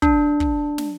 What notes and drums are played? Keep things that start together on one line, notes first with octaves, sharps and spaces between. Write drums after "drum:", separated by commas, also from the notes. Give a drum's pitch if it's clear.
D4, drum: kick
drum: kick
drum: snare